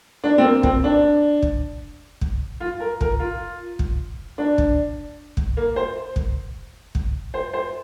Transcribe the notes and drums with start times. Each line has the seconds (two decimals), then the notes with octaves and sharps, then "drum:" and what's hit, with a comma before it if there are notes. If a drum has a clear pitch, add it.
0.24 D4
0.38 C4
0.44 A#3
0.63 C4, drum: kick
0.84 D4
1.42 drum: kick
2.21 drum: kick
2.60 F4
2.80 A#4
3.01 A#4, drum: kick
3.19 F4
3.79 drum: kick
4.38 D4
4.58 drum: kick
5.37 drum: kick
5.57 A#3
5.76 C5
6.16 drum: kick
6.95 drum: kick
7.34 C5
7.53 C5